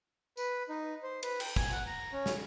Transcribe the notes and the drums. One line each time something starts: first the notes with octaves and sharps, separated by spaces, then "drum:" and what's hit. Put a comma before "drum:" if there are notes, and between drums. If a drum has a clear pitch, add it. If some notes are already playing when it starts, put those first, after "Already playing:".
B4, drum: tambourine
D#4
C5
B4, drum: cymbal
G5, drum: cymbal
G#5, drum: kick
F#5
A#5
C#4
drum: snare